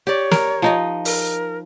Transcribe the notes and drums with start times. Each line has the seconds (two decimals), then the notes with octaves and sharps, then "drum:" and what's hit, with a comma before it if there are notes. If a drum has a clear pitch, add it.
0.07 G4 C#5 D5
0.31 A#4, drum: snare
0.62 F3 D#4 D#5
1.05 A#4, drum: open hi-hat